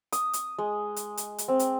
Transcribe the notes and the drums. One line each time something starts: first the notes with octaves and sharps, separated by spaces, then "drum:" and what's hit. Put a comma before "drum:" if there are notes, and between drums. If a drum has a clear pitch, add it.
D#6, drum: hi-hat
drum: hi-hat
G#3
drum: hi-hat
drum: hi-hat
drum: hi-hat
C4
drum: hi-hat